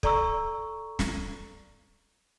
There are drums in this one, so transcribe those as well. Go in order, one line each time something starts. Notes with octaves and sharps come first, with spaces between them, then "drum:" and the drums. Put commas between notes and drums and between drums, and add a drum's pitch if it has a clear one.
A4 D5 A#5 C#6 E6, drum: kick
drum: snare